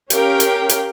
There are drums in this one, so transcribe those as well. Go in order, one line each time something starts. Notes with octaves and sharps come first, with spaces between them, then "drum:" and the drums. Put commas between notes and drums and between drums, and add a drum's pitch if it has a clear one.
C#4 G4 A#4 F5 G5, drum: hi-hat
drum: hi-hat
drum: hi-hat